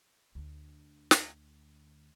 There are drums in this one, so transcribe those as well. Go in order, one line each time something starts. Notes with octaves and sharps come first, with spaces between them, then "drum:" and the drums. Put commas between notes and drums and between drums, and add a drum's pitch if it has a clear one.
D2 D3
drum: snare